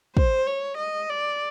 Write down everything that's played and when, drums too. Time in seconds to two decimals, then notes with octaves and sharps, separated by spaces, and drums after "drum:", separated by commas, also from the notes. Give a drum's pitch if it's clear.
0.17 C5, drum: kick
0.47 C#5
0.78 D#5
1.09 D5